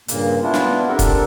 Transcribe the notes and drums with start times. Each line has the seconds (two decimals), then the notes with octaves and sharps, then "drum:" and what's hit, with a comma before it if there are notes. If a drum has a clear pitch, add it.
0.08 G2 A#2 C#3 A#3, drum: hi-hat
0.43 B3 D4 E4 F4
0.54 drum: snare
0.88 D3 C4 D4 G4 A4 A#4
0.99 drum: kick, hi-hat